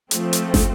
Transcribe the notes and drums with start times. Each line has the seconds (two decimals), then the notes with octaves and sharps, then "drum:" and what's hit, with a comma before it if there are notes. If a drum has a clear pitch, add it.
0.11 F3 A3 C4, drum: hi-hat
0.33 drum: hi-hat
0.54 drum: snare